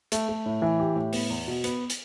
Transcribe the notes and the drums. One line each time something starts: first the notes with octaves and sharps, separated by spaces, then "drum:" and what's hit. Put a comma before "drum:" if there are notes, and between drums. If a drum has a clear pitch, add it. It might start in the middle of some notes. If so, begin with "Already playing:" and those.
A3, drum: hi-hat
A3
A2
E3
G4
A2
B3, drum: open hi-hat
E2
B2
B3, drum: hi-hat
drum: hi-hat